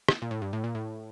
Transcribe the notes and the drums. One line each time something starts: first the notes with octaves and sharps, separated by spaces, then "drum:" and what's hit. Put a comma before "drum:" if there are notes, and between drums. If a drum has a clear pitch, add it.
drum: rim click
A#2
A2
G2
A2
A#2
A2